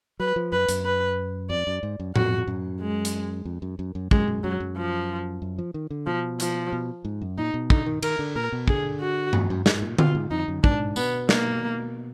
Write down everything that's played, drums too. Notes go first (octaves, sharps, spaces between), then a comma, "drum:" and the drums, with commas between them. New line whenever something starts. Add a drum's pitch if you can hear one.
F#3 B4
F3
F#2 B4
F#2, drum: hi-hat
B4
F2 D5
F#2
G#2
F#2
F2 F#4, drum: tom A2
F#2
G#3
drum: hi-hat
F2
F#2
F#2
F#2
F#2 G#3, drum: kick
F#2
F#2 F#3
F#2
F3
F#2
F3
D#3
D3
B2 F3
F3, drum: hi-hat
B2
G#2
F#2
A#2 D#4
B2
D3 D#4, drum: kick
D#3
D#3 A#4, drum: cymbal
D3
A#2 A#4
B2
D3 G#4, drum: kick
F#4
F2, drum: tom G2
F#2
G#2, drum: snare
A#2
B2 F4, drum: tom D3
G#2
F2 D#4
F#2
G#2 D4, drum: kick
B2 B3, drum: tambourine
A#3, drum: snare